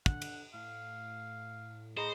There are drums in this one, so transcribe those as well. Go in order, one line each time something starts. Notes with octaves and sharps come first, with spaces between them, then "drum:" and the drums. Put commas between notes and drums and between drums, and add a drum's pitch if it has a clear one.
D3 F#5, drum: kick
drum: cymbal
A2 F5
G#4 C5 D#5 A#5 B5